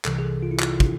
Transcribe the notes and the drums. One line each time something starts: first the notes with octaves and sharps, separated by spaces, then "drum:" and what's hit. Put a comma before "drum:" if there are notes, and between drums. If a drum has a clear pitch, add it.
C2 C3 E3 A4, drum: clap
G#4
A4
F4
E4
F4, drum: clap
drum: kick